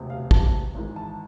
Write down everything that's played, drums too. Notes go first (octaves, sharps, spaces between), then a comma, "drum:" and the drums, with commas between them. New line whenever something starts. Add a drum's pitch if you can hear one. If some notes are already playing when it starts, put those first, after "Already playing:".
Already playing: E1 D2 C3
F5
A5, drum: kick
G#1 G#2 E3
A5